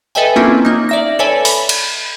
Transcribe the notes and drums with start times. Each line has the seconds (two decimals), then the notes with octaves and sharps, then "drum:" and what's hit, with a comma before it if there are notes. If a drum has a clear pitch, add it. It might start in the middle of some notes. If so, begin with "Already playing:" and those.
0.15 A4 B4 D#5 E5 G5 G#5
0.36 A#3 C4 C#4 E4 F4
0.65 A#3 D#4
0.89 D5 E5 A#6
1.19 A4 B4 C#5 D5 E5 G#5
1.45 B5, drum: open hi-hat
1.69 drum: cymbal